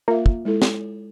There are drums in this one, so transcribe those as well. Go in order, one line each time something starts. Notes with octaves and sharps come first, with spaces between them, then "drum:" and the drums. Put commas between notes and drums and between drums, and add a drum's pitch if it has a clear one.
A#3 F4 E5
drum: kick
G#3 E4 A4
drum: snare